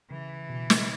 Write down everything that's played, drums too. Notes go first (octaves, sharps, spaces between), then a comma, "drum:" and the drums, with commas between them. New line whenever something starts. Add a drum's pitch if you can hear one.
C#3 E3
B2
drum: snare